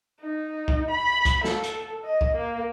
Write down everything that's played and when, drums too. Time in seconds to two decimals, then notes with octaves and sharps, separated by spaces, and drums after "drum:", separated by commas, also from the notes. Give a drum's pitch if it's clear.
0.22 D#4
0.68 drum: kick
0.90 B5
1.25 drum: kick, hi-hat
1.44 A4, drum: snare
1.64 drum: hi-hat
2.05 D#5
2.21 drum: kick
2.36 A#3